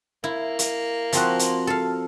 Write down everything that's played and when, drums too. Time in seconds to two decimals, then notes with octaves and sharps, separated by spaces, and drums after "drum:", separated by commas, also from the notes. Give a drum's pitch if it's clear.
0.24 A#3 E4
0.59 drum: hi-hat
1.13 F3 C4 F#4, drum: hi-hat
1.39 drum: hi-hat
1.67 A4 F5